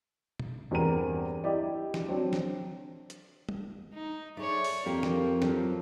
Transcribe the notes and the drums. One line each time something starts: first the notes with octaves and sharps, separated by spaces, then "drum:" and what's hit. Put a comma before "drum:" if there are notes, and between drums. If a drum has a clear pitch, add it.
drum: tom B2
E2 G2 C4 A#4 D#7
E4 G4 D5 D#5
drum: snare
F#3 C4 D4
drum: snare
drum: hi-hat
drum: tom
D#4
A3 G#4 C#5 D5
drum: open hi-hat
F2 A#3 G4 A4 A#4
drum: snare
F3 F#3 A4, drum: snare